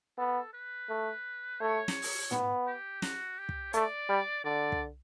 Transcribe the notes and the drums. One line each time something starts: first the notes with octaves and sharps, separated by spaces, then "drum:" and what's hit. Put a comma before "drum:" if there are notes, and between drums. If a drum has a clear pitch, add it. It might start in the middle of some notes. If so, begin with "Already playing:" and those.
B3 A4
B4
A3
A3 C#5
drum: snare
drum: open hi-hat
B3, drum: tom
G4
F#4, drum: snare
G4
drum: kick
A3 D5, drum: hi-hat
G3
D3 D5
drum: kick